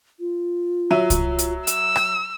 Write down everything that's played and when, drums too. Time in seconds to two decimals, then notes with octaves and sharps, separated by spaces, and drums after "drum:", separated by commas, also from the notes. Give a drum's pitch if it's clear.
0.20 F4
0.91 F#3 E5 D#7
1.10 drum: kick C2, hi-hat
1.39 drum: hi-hat
1.67 E6, drum: hi-hat
1.96 drum: rim click